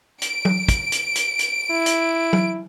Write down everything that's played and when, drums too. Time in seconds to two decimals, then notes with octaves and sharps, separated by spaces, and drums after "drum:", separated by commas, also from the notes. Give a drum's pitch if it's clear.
0.22 D7, drum: hi-hat
0.45 drum: tom F#3
0.68 drum: kick, hi-hat
0.92 drum: hi-hat
1.15 drum: hi-hat
1.39 drum: hi-hat
1.70 E4
1.86 drum: hi-hat
2.33 drum: tom F#3